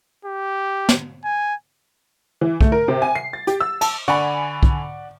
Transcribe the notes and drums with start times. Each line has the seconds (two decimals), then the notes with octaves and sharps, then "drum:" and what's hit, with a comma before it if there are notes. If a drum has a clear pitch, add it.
0.25 G4
0.89 drum: snare
1.25 G#5
2.41 E3
2.61 A3, drum: kick
2.72 A#4
2.88 C3
3.02 G#5
3.15 C7
3.33 A6
3.47 G4, drum: hi-hat
3.60 E6
3.81 A5, drum: cymbal
4.08 D3 D5 F#5 G#5 B5 C#6
4.63 drum: kick